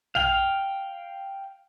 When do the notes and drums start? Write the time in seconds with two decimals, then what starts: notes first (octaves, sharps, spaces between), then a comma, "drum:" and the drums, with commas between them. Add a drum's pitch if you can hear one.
0.15 F5 G5, drum: tom A#1